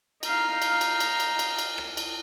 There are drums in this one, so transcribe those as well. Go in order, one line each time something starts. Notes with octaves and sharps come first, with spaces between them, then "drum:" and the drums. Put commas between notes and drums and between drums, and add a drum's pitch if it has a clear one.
D#4 F5, drum: cymbal
drum: cymbal
drum: cymbal
drum: cymbal
drum: cymbal
drum: cymbal
drum: cymbal
drum: rim click
drum: cymbal